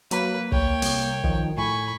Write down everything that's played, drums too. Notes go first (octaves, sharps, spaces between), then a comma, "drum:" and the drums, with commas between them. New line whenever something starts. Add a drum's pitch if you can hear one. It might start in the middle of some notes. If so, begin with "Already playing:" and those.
F#3 A#3 B4, drum: hi-hat
D2 C#5 G5, drum: kick
C2, drum: open hi-hat
D#3 F3, drum: kick
A2 G#5 B5 C#6